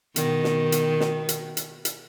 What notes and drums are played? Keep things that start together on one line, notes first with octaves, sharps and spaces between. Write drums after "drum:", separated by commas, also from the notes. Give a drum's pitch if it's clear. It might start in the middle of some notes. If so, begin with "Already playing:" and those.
B2 D#3, drum: hi-hat
drum: snare
drum: hi-hat
drum: snare
drum: hi-hat
drum: hi-hat
drum: hi-hat